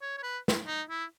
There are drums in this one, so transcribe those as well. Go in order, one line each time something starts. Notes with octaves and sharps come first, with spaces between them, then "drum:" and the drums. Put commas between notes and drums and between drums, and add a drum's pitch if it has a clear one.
C#5
C#5
B4
drum: snare
D#4
E4